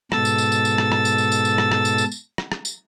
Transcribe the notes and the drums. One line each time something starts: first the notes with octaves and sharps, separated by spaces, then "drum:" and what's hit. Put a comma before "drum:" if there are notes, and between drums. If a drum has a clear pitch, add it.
G#2 B2 A4 E6 A6, drum: rim click
drum: tambourine
drum: tambourine
drum: tambourine
drum: tambourine
drum: rim click
drum: rim click
drum: tambourine
drum: tambourine
drum: tambourine
drum: tambourine
drum: rim click
drum: rim click
drum: tambourine
drum: tambourine
drum: tambourine
drum: rim click
drum: rim click
drum: tambourine